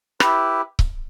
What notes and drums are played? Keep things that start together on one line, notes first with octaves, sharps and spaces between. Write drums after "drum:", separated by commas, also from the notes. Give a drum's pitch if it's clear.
E4 G4 B4, drum: rim click
drum: kick C#1